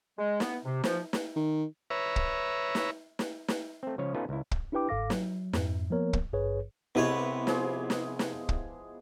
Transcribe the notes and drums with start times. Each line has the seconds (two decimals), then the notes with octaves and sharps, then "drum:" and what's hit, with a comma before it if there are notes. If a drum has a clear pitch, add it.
0.18 G#3
0.40 B3, drum: snare
0.65 C3
0.84 F3, drum: snare
1.13 drum: snare
1.36 D#3
1.90 B4 C#5 E5 A#5
2.16 drum: kick
2.75 drum: snare
3.19 drum: snare
3.48 drum: snare
3.83 A3 C4
3.98 C#3 F3 G#3 C#5
4.14 A3 B3 C#4 D#4 F4 B4
4.29 C#2 E4
4.51 drum: kick
4.72 D4 E4 G4 B4 G5 D6
4.89 G1 G#2 A4 F5 D6 A#6
5.10 F#3, drum: snare
5.53 F2 G#2, drum: snare
5.90 F3 A#3 B3 A#4 C#5
6.13 drum: kick
6.33 G#1 G2 G#4 B4 C#5
6.95 C2 G#3 B3 E4 G4 B4 C#5
7.47 F3 G#4 D6, drum: snare
7.90 drum: snare
8.19 drum: snare
8.49 drum: kick